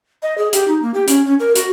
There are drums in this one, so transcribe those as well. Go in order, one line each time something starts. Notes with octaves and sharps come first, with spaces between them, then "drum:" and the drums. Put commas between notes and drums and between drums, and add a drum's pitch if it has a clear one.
D#5
G#4
G4, drum: hi-hat
D#4
A#3
G4
C#4, drum: hi-hat
C#4
A#4
F#4, drum: hi-hat